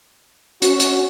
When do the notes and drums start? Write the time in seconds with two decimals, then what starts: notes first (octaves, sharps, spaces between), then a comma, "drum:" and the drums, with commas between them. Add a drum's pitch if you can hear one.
0.62 C#4 F#4, drum: hi-hat
0.80 drum: hi-hat